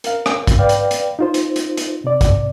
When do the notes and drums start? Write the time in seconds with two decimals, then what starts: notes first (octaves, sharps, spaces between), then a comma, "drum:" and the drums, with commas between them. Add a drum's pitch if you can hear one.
0.04 A#4 F5, drum: hi-hat
0.26 drum: rim click
0.47 drum: kick, hi-hat
0.59 B4 D5 F5 G5
0.69 drum: hi-hat
0.91 drum: hi-hat
1.19 D#4 F4 C5
1.34 drum: hi-hat
1.56 drum: hi-hat
1.77 drum: hi-hat
2.04 C3 D5
2.21 drum: kick, hi-hat